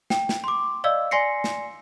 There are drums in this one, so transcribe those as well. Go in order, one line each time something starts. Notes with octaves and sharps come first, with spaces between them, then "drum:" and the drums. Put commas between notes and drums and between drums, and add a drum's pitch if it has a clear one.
G5, drum: snare
drum: snare
C6 D6
D5 D#5 F5 E6
D5 G#5 C6 A#6 C7 C#7
drum: snare